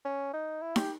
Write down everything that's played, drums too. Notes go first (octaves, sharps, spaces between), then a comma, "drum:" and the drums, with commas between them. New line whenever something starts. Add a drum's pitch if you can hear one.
C#4
D#4
E4
G4, drum: snare D#4